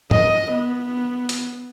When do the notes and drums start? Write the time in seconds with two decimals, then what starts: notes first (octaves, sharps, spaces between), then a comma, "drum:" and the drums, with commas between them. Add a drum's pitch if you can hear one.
0.11 D#5, drum: tom G#2
0.52 B3
1.29 drum: hi-hat